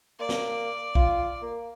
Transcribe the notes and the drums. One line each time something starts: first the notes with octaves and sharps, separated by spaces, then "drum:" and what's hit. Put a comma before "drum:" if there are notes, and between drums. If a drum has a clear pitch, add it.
A#3 D5
drum: snare
F4, drum: kick B1
A#3